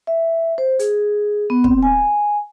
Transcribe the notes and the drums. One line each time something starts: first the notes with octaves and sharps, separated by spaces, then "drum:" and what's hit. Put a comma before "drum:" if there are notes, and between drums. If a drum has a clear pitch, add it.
E5
C5
G#4, drum: hi-hat
B3
C4, drum: kick
G#5